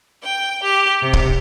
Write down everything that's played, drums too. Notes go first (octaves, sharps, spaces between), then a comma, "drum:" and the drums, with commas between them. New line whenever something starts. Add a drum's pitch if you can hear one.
G5
G4
C3
drum: kick